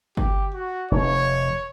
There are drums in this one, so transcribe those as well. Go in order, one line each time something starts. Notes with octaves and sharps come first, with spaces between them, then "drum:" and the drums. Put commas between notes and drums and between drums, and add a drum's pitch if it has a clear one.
G4, drum: kick G1
F#4
F1 C#5